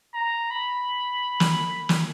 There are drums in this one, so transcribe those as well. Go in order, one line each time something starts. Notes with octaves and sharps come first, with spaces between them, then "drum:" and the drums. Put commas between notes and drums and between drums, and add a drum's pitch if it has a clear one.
A#5
B5
drum: snare
drum: snare